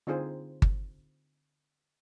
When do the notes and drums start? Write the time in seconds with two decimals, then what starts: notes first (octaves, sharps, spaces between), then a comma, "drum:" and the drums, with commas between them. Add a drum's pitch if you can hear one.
0.07 D3 C4 D#4 F4 G#4 C5
0.62 drum: kick G1